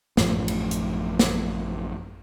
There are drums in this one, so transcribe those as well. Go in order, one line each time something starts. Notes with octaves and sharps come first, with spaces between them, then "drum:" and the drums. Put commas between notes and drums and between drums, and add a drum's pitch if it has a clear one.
A1 F#2 A2 F3, drum: snare
drum: cymbal
drum: hi-hat
drum: snare